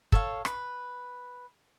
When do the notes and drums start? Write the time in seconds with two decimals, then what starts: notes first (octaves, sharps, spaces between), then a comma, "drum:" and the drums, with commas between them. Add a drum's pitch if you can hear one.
0.12 A4 C#5 F5, drum: kick
0.45 B4, drum: rim click